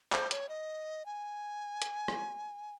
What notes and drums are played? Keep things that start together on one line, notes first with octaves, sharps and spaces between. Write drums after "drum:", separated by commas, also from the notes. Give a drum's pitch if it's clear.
C5, drum: clap
C#5, drum: hi-hat
D#5
G#5
drum: hi-hat
drum: rim click